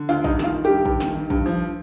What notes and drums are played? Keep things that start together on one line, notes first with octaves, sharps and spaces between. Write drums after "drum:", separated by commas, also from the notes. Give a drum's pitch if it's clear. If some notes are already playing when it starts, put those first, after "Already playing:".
Already playing: D3
D2 F4
G2 D#4, drum: kick A1
D#3 F4, drum: snare
D#3
G2 G4
G2, drum: kick A1
D#3, drum: snare
D#3
G2, drum: kick A1
F3